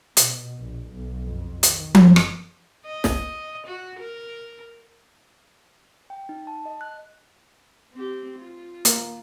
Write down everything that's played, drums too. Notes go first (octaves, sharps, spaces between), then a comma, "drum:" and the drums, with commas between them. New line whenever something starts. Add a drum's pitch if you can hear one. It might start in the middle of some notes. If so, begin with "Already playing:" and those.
B2, drum: hi-hat
A#1
B1
F2
D#3, drum: hi-hat
F#1, drum: tom F3
drum: rim click
D#5
drum: snare
F#4
A#4
G5
D#4
A5
D#5
F#6
C4 G4
F4
A#3, drum: hi-hat